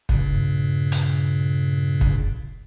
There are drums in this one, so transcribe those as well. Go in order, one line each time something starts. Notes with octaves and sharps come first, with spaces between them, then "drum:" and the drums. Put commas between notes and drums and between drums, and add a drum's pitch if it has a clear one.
G2 A#2 C#3, drum: kick
drum: hi-hat
drum: kick